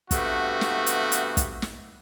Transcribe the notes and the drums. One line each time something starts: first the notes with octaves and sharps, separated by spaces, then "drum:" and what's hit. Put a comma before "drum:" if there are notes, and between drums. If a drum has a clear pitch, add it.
G2 C3 A3 B3 F#4, drum: kick, hi-hat
drum: snare
drum: hi-hat
drum: hi-hat
drum: kick, hi-hat
drum: snare